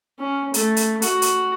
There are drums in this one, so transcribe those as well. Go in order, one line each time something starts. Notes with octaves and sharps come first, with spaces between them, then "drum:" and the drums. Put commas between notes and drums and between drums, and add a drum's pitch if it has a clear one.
C#4
A3, drum: hi-hat
drum: hi-hat
F#4, drum: hi-hat
drum: hi-hat